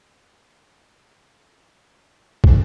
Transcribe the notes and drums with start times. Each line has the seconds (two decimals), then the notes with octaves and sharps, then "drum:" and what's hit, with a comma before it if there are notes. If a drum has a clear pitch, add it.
0.20 F#3 G3 B3
2.44 drum: kick